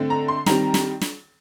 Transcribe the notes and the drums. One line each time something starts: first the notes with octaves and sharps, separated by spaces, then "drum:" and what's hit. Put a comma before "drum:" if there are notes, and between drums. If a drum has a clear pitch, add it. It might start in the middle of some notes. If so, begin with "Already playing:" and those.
Already playing: D3 A3 C4
A#5
C6
D#3 G3 C4 A#5, drum: snare
drum: snare
drum: snare